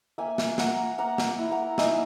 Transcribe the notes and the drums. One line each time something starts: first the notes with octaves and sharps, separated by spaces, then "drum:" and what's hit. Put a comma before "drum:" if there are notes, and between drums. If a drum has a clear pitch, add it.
A#3 E5 G#5
drum: snare
A#3 F#5 A#5, drum: snare
A#3 F#5 A#5
drum: snare
E4
F#5 A#5
D#4 E5 G#5, drum: snare